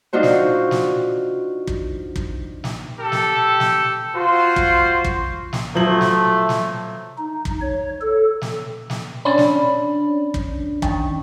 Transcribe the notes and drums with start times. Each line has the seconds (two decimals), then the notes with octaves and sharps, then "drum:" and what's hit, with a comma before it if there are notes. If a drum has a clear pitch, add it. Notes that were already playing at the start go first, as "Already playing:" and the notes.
0.13 D4 D#4 F4 F#4 C5
0.23 drum: snare
0.71 drum: snare
1.67 drum: kick
2.16 drum: kick
2.64 drum: snare
2.99 G4 A4
3.12 drum: snare
3.60 drum: snare
4.16 F4 F#4 C5
4.56 drum: kick
5.04 drum: kick
5.53 drum: snare
5.75 F3 F#3 A3 F#7
6.01 drum: snare
6.49 drum: snare
7.18 D#4
7.45 drum: kick
7.62 C#5
8.01 A4
8.41 drum: snare
8.90 drum: snare
9.25 C#4 D4 D5 B5
9.38 drum: snare
10.34 drum: kick
10.82 D#3, drum: kick